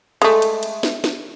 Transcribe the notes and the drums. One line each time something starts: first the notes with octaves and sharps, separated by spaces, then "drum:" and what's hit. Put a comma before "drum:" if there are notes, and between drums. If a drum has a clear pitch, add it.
G#3 A3, drum: cymbal
drum: cymbal
drum: cymbal
drum: snare
drum: snare